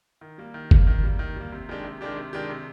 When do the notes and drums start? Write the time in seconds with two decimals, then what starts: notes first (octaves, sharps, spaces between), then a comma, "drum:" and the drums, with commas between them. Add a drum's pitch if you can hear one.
0.21 D#3
0.38 G3 A#3
0.54 D#3
0.71 G3 A#3, drum: kick
0.87 D#3
1.04 G3 A#3
1.19 D#3
1.36 G3 A#3
1.52 C3
1.69 D#3 G#3 D4 G4
1.84 C3
2.01 D#3 G#3 D4 G4
2.16 C3
2.33 D#3 G#3 D4 G4
2.49 C3